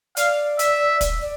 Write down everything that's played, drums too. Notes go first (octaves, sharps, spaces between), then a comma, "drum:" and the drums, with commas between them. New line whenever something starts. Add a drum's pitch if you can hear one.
D5 F5, drum: hi-hat
E5, drum: hi-hat
drum: kick, hi-hat
D5